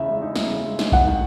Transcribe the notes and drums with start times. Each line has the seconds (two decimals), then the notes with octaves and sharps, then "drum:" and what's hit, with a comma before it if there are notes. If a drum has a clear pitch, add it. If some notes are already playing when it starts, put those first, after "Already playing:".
Already playing: E2 C#3 E5
0.09 G#3
0.22 D#4
0.36 E2, drum: snare
0.50 C#3
0.64 G#3
0.79 D#4, drum: snare
0.92 G#2 F#5, drum: kick A#1
1.07 D#3